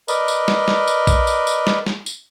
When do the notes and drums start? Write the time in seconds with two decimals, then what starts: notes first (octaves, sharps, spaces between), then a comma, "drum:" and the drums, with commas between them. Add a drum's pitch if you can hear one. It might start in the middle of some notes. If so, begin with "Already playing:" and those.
0.08 A#4 B4 D5 D#5, drum: tambourine
0.28 drum: tambourine
0.48 drum: snare
0.68 drum: snare
0.88 drum: tambourine
1.07 drum: kick B1, tambourine
1.27 drum: tambourine
1.47 drum: tambourine
1.67 drum: snare
1.86 drum: snare
2.06 drum: tambourine